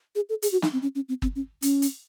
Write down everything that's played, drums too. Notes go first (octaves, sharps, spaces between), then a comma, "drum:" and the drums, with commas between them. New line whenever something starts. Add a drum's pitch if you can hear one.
G#4
A4
G#4, drum: hi-hat
F#4
D#4, drum: snare
C4
C#4
C#4
C4
C4, drum: kick
C#4
C#4, drum: hi-hat
drum: hi-hat